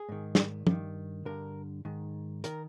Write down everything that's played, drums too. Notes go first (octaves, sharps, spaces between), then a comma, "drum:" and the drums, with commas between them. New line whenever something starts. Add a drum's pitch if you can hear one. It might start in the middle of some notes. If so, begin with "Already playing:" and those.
Already playing: G#4
G#2 D#3
drum: snare
G2 D#3, drum: tom
G2 D3 A#4
G#2 D#3
D#3 A#4, drum: hi-hat